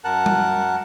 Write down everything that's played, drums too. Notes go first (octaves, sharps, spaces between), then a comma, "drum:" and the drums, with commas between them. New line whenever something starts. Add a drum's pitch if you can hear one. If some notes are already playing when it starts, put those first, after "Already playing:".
F#2 A#4 F#5 A5 F#6
drum: tom G3